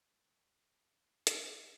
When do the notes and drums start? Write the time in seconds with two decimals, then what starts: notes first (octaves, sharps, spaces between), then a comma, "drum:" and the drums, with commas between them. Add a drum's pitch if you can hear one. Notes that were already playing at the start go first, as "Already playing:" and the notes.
0.11 D1 G3 A3 D4
1.27 drum: hi-hat